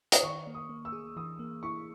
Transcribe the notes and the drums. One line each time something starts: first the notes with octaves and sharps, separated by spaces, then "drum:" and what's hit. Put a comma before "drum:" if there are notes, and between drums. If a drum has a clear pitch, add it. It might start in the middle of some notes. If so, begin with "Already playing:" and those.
D#6, drum: hi-hat
D#3 C#6
A#3
D#6
A#3
E6
G#4
E3 D#6
A#3
E4 C#6